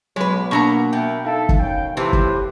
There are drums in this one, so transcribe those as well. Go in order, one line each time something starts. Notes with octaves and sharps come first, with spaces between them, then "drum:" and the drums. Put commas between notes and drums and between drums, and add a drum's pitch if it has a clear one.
B1 F#3 G#3 B4
B2 F#3 A#3 D4 A#5 C#6
B2 A#4 E5 G5
D#4 A4 E5 F5
drum: kick
D#3 C#4 G5
A2 C3 E3 F3 G4 B4 C5
drum: kick